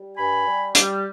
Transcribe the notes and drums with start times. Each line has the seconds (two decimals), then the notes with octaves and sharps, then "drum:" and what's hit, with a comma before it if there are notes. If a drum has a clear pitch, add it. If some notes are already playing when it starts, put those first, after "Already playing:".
Already playing: G3
0.17 G2 G#5 B5
0.46 G3
0.75 G3, drum: hi-hat